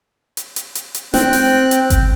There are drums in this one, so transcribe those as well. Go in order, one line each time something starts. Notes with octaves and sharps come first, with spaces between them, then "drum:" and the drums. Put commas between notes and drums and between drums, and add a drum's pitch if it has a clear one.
drum: hi-hat
drum: hi-hat
drum: hi-hat
drum: hi-hat
C4 G5 F#6, drum: snare
drum: open hi-hat
drum: hi-hat
drum: kick G1, hi-hat